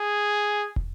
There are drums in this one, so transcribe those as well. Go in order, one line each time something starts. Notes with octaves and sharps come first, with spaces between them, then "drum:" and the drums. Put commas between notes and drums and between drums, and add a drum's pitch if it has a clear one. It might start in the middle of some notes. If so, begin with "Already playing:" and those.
Already playing: G#4
drum: kick